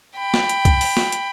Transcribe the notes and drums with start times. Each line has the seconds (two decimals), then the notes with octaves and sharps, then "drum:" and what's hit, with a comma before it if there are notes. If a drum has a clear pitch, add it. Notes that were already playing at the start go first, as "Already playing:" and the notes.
0.18 G5 B5
0.34 drum: snare
0.49 drum: hi-hat
0.65 drum: kick C2, hi-hat
0.81 drum: open hi-hat
0.97 drum: snare
1.12 drum: hi-hat